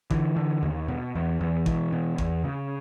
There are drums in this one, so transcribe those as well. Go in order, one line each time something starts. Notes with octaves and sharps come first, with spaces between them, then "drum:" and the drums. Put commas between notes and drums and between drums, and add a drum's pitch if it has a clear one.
D3 E3, drum: kick G#1
D3
D#2
B2
E2
E2
B2 E3, drum: kick G#1
B2
E2, drum: kick G#1
C#3